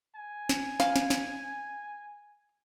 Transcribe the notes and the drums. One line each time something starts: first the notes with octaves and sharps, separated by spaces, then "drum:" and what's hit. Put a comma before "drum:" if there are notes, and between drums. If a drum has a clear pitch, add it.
G#5
drum: snare
F5, drum: snare
drum: snare
drum: snare